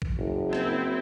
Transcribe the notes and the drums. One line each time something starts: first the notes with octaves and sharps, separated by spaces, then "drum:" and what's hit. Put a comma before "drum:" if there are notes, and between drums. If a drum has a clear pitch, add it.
drum: kick A#1
F#1
C4 E4, drum: rim click